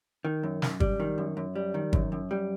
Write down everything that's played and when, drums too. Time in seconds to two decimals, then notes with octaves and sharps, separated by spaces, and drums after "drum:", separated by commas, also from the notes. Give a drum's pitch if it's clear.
0.25 D#3
0.43 F#2
0.62 F#2, drum: snare
0.80 G3, drum: kick
1.00 D#3
1.18 F#2
1.37 F#2
1.56 G3
1.74 D#3
1.93 F#2, drum: kick
2.12 F#2
2.31 G3